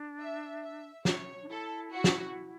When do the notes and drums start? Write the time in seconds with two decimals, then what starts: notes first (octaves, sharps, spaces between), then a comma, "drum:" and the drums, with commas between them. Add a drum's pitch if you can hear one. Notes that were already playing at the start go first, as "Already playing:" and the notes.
Already playing: D4
0.19 E5
0.63 E5
1.05 C#5, drum: snare
1.43 D4
1.48 E4 A4
1.91 F#4
2.04 drum: snare